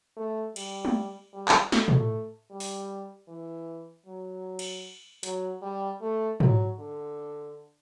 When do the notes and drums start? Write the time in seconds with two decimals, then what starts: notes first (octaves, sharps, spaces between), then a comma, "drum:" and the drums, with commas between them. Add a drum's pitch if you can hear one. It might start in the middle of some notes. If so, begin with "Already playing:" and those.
0.17 A3
0.56 G3, drum: cymbal
0.85 drum: tom
1.33 G3
1.48 drum: clap
1.72 A3, drum: snare
1.88 drum: tom
2.51 G3
2.60 drum: open hi-hat
3.28 E3
4.06 F#3
4.59 drum: cymbal
5.23 F#3, drum: hi-hat
5.62 G3
6.01 A3
6.40 F#3, drum: tom
6.79 D3